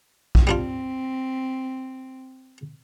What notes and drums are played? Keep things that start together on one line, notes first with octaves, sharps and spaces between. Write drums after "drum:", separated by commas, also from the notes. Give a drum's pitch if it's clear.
drum: kick A#1
G3 C4 D4 F4